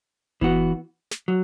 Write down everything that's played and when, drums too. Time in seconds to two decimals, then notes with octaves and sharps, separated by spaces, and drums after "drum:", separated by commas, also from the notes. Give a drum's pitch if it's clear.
0.41 E3 B3 F#4, drum: kick F#1
1.11 drum: snare
1.28 F#3